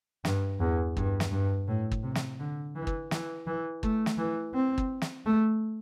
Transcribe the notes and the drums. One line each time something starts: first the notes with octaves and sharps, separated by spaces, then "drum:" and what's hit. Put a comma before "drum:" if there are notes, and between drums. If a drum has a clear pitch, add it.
G2, drum: snare
E2
G2, drum: kick
drum: snare
G2
A2
drum: kick
C3
drum: snare
D3
E3
drum: kick
E3, drum: snare
E3
A3, drum: kick
drum: snare
E3
C4
drum: kick
drum: snare
A3